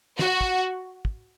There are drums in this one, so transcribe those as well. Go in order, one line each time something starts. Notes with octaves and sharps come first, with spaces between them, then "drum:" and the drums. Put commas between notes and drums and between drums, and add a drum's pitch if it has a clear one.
F#4, drum: snare
drum: kick
drum: kick